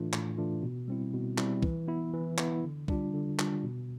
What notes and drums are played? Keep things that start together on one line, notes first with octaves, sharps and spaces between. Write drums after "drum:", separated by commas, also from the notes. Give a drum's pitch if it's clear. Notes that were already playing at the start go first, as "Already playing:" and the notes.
Already playing: A2 E3 A3 D4 F4
A2, drum: clap
E3 A3 D4 F4
B2
G3 C4 E4
B2
G3 C4 E4, drum: clap
E3, drum: kick
B3 E4
E3
B3 E4, drum: clap
D3
G3 D4 F4, drum: kick
D3
G3 D4 F4, drum: clap
B2